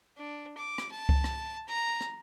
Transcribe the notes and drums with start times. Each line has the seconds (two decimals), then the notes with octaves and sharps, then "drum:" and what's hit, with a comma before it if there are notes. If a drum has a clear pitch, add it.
0.17 D4
0.57 D6
0.78 drum: rim click
0.91 A5
1.09 drum: kick C#2
1.24 drum: rim click
1.68 A#5
2.01 drum: rim click